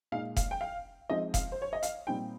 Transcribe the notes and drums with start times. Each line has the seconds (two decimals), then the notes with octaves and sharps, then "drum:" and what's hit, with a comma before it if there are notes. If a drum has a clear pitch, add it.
0.12 A#2 G#3 D#4 F5
0.36 F5, drum: kick F1, hi-hat
0.51 G5
0.61 F5
1.10 F3 G#3 C4 D#4 D#5
1.34 F5, drum: kick F1, hi-hat
1.52 C5
1.62 C#5
1.73 D#5
1.83 F5, drum: hi-hat
2.07 A#2 G3 C4 D#4 G5